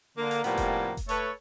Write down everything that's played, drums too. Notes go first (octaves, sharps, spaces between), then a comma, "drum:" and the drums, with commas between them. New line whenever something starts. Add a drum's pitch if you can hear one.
D3 A#3
drum: hi-hat
A2 C3 F3 G3 A#3 B3, drum: hi-hat
drum: kick F1, hi-hat
drum: kick F1, hi-hat
A3 A4 B4 C#5, drum: hi-hat